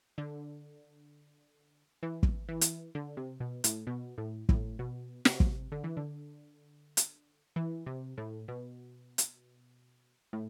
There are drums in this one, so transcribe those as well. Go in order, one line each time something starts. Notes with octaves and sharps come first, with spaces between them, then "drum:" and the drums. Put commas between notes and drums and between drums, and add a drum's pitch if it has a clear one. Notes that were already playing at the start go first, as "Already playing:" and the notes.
D3
E3
drum: kick
E3
drum: hi-hat
D3
C3
B2
A2, drum: hi-hat
B2
A2
A2, drum: kick
B2
C3, drum: snare
drum: kick
D3
E3
D3
drum: hi-hat
E3
C3
A2
B2
drum: hi-hat
A2